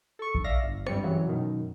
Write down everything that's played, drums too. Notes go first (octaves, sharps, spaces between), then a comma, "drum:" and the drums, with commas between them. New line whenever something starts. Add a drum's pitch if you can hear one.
A4 C#6
drum: kick A#1
D5 E5 F5 A#6
G1
G2 G3 C4 C#7, drum: rim click
C#3 E3 F#3
F#2 B2 D#3